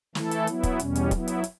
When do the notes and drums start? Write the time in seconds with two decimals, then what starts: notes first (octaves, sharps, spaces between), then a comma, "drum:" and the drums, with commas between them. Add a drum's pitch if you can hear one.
0.15 E3 A3 E4 A4, drum: snare
0.31 drum: hi-hat
0.47 F#3 B3 E4, drum: hi-hat
0.63 drum: kick, hi-hat
0.80 E2 B2 G3 C#4, drum: hi-hat
0.95 drum: hi-hat
1.11 F#3 B3 E4, drum: kick, hi-hat
1.28 drum: hi-hat
1.44 drum: hi-hat